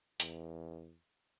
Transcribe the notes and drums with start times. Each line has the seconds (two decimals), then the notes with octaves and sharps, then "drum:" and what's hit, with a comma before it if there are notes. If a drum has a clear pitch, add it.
0.20 E2, drum: hi-hat